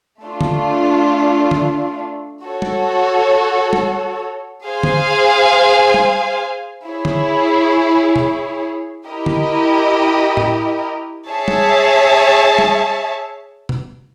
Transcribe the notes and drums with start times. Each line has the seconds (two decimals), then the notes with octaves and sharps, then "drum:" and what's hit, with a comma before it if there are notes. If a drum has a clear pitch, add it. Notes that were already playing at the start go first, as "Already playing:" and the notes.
0.22 A3 D4 F4
0.41 drum: tom D3
1.51 drum: tom D3
2.44 F#4 A4 C#5
2.62 drum: tom
3.73 drum: tom
4.65 G#4 C5 F5 G#5
4.83 drum: tom D3
5.94 drum: tom
6.86 E4 G#4 C#5
7.05 drum: tom D3
8.16 drum: tom B2
9.07 E4 G4 A#4 D#5
9.26 drum: tom D3
10.37 drum: tom
11.29 G#4 C#5 E5 A5
11.48 drum: tom
12.58 drum: tom
13.69 drum: tom B2